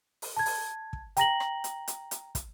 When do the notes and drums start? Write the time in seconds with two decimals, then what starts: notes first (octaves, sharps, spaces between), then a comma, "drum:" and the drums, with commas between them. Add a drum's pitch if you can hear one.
0.22 drum: open hi-hat
0.37 A5 G#6
0.46 drum: open hi-hat
0.93 drum: kick
1.17 G5 A#5 A#6 F#7, drum: hi-hat
1.40 drum: rim click
1.64 drum: hi-hat
1.88 drum: hi-hat
2.11 drum: hi-hat
2.35 drum: kick, hi-hat